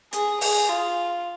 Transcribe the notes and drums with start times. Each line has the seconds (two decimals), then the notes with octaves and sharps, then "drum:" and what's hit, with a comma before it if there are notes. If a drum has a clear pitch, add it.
0.13 G#4, drum: hi-hat
0.41 G#4, drum: open hi-hat
0.69 F4